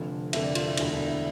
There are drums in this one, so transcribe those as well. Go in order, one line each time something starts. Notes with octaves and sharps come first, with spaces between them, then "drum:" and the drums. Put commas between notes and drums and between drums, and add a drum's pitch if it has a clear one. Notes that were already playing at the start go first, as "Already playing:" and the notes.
Already playing: F1 F2 D3 F3
F1 F2 D3 F3 E5, drum: cymbal
D5
F4, drum: cymbal
E4
E1 D2 D3 E4, drum: cymbal
D4
E4